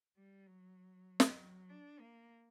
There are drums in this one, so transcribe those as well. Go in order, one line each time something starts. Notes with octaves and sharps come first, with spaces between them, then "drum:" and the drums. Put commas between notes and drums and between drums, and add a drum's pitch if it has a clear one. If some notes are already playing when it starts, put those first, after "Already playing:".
G3
F#3
drum: snare
F#3
D4
A#3